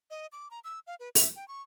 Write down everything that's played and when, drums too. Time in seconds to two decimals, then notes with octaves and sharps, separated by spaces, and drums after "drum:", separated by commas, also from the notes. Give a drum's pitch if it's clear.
0.10 D#5
0.32 D6
0.51 A#5
0.64 E6
0.87 F5
1.00 B4
1.15 E5, drum: open hi-hat
1.36 G5
1.48 C#6